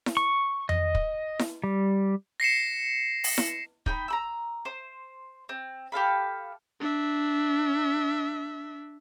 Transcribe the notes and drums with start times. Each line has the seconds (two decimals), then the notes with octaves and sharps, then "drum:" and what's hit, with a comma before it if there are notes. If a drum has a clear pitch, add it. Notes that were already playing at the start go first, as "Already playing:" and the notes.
0.06 drum: snare E4
0.17 C#6
0.69 D#5, drum: tom F2
0.95 drum: kick
1.39 drum: snare E4
1.64 G3
2.40 A#6 C7 C#7 E7
3.24 drum: open hi-hat
3.38 drum: snare E4
3.86 D#4 G5 B5, drum: kick
4.08 A#5 B5 E6
4.65 C5
5.49 C4
5.92 G4 A4 F5 B5
6.81 D4 E5